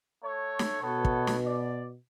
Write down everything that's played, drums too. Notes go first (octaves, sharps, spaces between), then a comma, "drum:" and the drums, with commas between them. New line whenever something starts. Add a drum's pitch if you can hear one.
A3 C#5
drum: snare
B2 B3 A4 C#5
drum: kick
drum: snare
D5